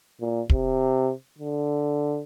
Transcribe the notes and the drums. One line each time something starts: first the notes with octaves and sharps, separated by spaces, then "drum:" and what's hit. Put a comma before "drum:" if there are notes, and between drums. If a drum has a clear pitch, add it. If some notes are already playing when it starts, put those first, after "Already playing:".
A#2
C3, drum: kick
D3